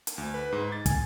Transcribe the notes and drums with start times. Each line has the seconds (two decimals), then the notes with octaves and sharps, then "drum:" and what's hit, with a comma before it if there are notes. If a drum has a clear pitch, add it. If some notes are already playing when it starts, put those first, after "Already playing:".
0.07 drum: hi-hat
0.18 D2
0.34 B4
0.52 G#2
0.72 A6
0.86 G#5, drum: kick, hi-hat